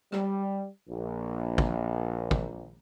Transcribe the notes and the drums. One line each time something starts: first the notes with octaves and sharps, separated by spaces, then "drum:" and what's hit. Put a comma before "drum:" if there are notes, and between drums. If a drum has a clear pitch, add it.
G3, drum: rim click
A#1
drum: kick
drum: kick